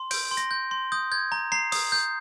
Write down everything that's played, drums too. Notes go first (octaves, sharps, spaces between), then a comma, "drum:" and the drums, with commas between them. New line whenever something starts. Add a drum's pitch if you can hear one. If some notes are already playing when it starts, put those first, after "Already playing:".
Already playing: C6
G6 D7, drum: open hi-hat
C6
A#6, drum: hi-hat
G6
C6
D#6 G6
G6 G#6
A#5
A#5 C7
D#6, drum: open hi-hat
G6